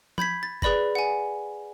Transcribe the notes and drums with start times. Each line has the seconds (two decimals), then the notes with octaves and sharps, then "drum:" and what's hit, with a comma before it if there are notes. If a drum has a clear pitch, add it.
0.18 B5 G6 G#6 B6, drum: tom F3
0.43 A6
0.62 G#4 B4 D5 B5 A#6, drum: kick F#1
0.95 F#5 G#5